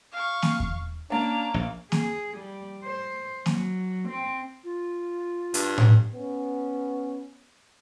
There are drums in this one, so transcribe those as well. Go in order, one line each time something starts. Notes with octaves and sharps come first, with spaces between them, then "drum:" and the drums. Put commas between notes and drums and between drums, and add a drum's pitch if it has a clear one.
F5 C#6
drum: snare A#3
drum: kick E2
A#3 C#4 D4 A#5
A#1
G#4, drum: snare A#3
G3
C5
F#3, drum: snare A#3
C4
F4
G2, drum: hi-hat
drum: tom A2
B3 C#4